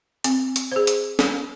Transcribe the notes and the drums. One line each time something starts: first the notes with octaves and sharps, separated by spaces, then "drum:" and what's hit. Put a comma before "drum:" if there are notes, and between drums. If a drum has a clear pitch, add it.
C4, drum: hi-hat
drum: hi-hat
G#4 C5
drum: hi-hat
drum: snare C#4